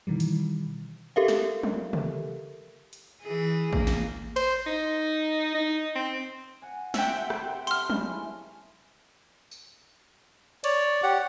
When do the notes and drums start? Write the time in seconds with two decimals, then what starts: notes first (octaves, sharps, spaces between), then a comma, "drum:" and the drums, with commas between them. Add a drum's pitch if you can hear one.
0.07 B2 D#3 E3 G3
0.20 drum: hi-hat
1.16 G4 A4 A#4 E5 F5
1.28 drum: snare
1.63 drum: tom
1.93 drum: tom C3
2.93 drum: hi-hat
3.23 E3 G#4
3.73 A#3, drum: kick A1
3.87 drum: snare
4.36 C5, drum: cymbal
4.67 D#4
5.55 D#4
5.96 C4
6.62 F#5 G#5
6.94 C3 E5 F#5 G5, drum: snare
7.30 drum: rim click
7.67 G3 A4 C6 F6, drum: hi-hat
7.90 C#3 E3, drum: tom
9.51 drum: tambourine
10.64 C#5 D5, drum: cymbal
11.03 G4 F#5